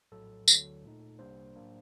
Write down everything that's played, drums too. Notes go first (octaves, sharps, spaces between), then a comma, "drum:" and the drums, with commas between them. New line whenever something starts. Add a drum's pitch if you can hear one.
A#1 A2 F#3 A4
D2 D3 F#3, drum: tambourine
A#2 A3 D#4
C2 C3 G3 A#3 D4 C5
A2 F#3 A#3 D4